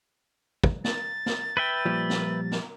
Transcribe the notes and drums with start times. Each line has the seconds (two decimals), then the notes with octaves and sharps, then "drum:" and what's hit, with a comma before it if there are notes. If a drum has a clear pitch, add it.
0.64 drum: kick
0.84 A6, drum: snare
1.26 drum: snare
1.57 B4 E5 G5
1.86 A#2 F3 G3
2.10 drum: snare
2.52 drum: snare